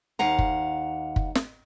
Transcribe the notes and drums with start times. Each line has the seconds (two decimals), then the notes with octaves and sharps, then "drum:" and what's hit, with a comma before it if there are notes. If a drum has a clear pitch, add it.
0.19 D#2 F5 F#5 A#5
0.39 drum: kick
1.16 drum: kick
1.35 drum: snare